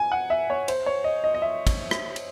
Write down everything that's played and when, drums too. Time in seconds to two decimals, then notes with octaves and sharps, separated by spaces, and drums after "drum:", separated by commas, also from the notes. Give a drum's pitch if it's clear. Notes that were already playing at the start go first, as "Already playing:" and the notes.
Already playing: G#5
0.12 F#5
0.30 E5
0.50 C#5
0.68 C5, drum: cymbal
0.86 C#5
1.04 D#5
1.24 D#5
1.35 D#5
1.42 E5
1.67 drum: kick, cymbal
1.91 drum: rim click
2.16 drum: cymbal